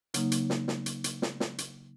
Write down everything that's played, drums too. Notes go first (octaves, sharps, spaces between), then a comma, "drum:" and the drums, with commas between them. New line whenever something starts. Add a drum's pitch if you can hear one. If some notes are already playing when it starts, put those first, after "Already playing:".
C#3 F#3 A#3 D#4, drum: hi-hat
drum: hi-hat
drum: snare
drum: snare
drum: hi-hat
drum: hi-hat
drum: snare
drum: snare
drum: hi-hat